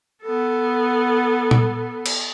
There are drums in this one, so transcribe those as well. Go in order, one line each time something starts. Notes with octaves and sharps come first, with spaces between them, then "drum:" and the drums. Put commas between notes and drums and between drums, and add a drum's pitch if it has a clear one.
B3 A4
drum: tom A#2
drum: cymbal